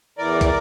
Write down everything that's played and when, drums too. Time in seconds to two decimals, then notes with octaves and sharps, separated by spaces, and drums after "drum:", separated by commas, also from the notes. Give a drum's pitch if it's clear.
0.18 E2 E3 A#4 D5
0.41 drum: kick, hi-hat